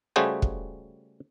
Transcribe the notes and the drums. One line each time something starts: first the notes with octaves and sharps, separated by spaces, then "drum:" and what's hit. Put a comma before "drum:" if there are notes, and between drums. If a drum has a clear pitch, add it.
C#3 G3 A3 F#4 G#4 C5
drum: kick